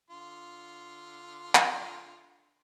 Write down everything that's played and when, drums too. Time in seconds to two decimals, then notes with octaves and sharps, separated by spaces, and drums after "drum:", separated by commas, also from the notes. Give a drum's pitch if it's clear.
0.10 D3 F4 C6
1.55 drum: clap